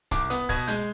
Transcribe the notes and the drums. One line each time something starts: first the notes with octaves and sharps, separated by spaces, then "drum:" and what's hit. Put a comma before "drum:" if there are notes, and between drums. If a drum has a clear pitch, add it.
C2 D6, drum: kick, hi-hat
B3 D#6, drum: hi-hat
B2 G#6, drum: kick, open hi-hat
G#3 G6, drum: hi-hat